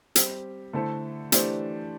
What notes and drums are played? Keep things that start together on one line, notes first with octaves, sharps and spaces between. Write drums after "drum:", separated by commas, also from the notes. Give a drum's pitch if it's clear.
G3 C4 G4, drum: hi-hat
D3 A3 E4 A4 C5
E3 A3 D4 G4 C5, drum: hi-hat